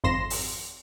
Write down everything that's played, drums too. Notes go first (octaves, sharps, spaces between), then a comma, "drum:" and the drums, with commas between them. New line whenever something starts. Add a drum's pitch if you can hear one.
G#1 F2 C6 A#6 E7
drum: open hi-hat